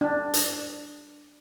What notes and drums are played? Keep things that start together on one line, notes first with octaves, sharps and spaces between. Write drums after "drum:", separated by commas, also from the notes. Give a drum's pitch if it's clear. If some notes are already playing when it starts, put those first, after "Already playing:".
D4
drum: hi-hat